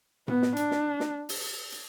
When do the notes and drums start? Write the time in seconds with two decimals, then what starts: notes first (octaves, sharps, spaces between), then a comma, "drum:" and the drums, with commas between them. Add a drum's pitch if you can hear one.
0.28 B3, drum: tom A2
0.42 drum: snare
0.57 D4, drum: hi-hat
0.71 drum: snare
1.00 drum: snare
1.29 drum: open hi-hat
1.72 drum: hi-hat